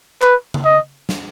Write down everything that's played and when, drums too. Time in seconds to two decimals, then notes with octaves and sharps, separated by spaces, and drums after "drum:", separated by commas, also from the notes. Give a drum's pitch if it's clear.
0.22 B4, drum: clap
0.54 drum: tom C#3
0.65 D#5
1.09 drum: snare